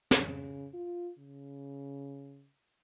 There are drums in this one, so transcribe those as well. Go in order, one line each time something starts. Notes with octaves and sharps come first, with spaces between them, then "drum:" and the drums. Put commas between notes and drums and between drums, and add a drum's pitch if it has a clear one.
C#3, drum: snare
F4
C#3